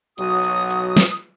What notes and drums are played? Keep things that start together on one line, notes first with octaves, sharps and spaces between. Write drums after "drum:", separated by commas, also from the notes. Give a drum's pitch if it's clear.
B1 F#3 F#4 D#6, drum: hi-hat
drum: hi-hat
drum: hi-hat
drum: snare